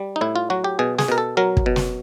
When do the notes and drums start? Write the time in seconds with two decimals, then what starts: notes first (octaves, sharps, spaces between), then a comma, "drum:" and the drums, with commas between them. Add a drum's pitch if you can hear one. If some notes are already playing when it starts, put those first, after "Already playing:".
Already playing: G3
0.16 D#4
0.21 A2 E4
0.36 F4
0.50 F#3 F#4
0.64 G4
0.79 B2 G#4
0.99 G#4, drum: snare
1.08 B2 A#4
1.18 A4
1.37 F#3 A#4
1.57 drum: kick
1.66 B2
1.76 drum: snare